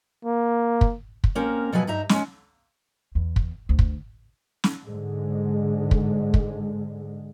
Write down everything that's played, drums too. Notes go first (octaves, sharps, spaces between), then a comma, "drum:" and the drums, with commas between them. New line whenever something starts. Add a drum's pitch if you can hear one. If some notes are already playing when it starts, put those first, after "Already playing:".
A#3
drum: kick
drum: kick
A#3 C4 C#4 A#4
B2 F3 F#3 B4 G#5
G2 D#4 E5 A#5
G#3 C#4, drum: snare
E2
drum: kick
D2
drum: kick
drum: snare
G#2 D3 G#3
drum: kick
drum: kick